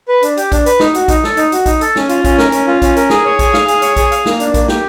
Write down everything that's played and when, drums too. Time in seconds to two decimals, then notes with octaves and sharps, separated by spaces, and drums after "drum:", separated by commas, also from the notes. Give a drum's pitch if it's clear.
0.08 B4
0.23 D4, drum: hi-hat
0.37 G4, drum: hi-hat
0.52 D4, drum: kick A#1, hi-hat
0.66 B4, drum: hi-hat
0.80 D#4, drum: snare
0.94 F#4, drum: hi-hat
1.08 D#4, drum: kick A#1, hi-hat
1.24 A4, drum: snare
1.37 D#4, drum: hi-hat
1.52 F#4, drum: hi-hat
1.66 D#4, drum: kick A#1, hi-hat
1.81 A4, drum: hi-hat
1.96 C#4, drum: snare
2.09 F4, drum: hi-hat
2.24 C#4, drum: kick A#1, hi-hat
2.38 A#4, drum: snare
2.52 C#4, drum: hi-hat
2.67 F4
2.82 C#4, drum: kick A#1, hi-hat
2.96 A#4, drum: hi-hat
3.10 G#4, drum: snare
3.25 C#5
3.39 G#4, drum: kick A#1, hi-hat
3.54 F5, drum: snare
3.68 G#4, drum: hi-hat
3.82 C#5, drum: hi-hat
3.96 G#4, drum: kick A#1, hi-hat
4.12 F5, drum: hi-hat
4.25 A#3, drum: snare
4.40 D4, drum: hi-hat
4.54 A#3, drum: kick A#1, hi-hat
4.68 G4, drum: snare